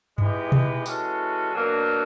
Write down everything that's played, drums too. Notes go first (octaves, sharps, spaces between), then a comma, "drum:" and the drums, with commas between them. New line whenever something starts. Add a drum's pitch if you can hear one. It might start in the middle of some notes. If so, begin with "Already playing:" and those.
E3 G#3 B3 D#4 G4, drum: tom G2
drum: tom B2
E3 G#3 C#4 F#4 A4, drum: tambourine
B2 F#3 A#3 D4